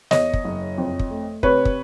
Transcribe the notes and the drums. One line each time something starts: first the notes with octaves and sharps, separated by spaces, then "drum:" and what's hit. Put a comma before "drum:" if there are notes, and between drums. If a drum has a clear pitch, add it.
E2 C#5 D#5, drum: snare
drum: kick
F#1
F2
drum: kick
A3
C3 B4 C#5, drum: kick
drum: kick